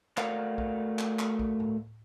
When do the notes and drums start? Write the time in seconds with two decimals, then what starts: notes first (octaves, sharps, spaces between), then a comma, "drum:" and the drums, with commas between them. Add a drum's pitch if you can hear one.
0.17 A3 F#4 A#4 D5 F5 F#5, drum: clap
0.58 drum: kick A#1
0.99 drum: clap
1.19 drum: clap
1.39 drum: kick A#1
1.60 drum: tom A2